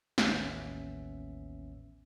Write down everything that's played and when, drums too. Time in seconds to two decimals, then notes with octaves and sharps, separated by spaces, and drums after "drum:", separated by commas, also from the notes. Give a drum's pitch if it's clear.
0.18 A1 D#2 B3 C#4 E5, drum: snare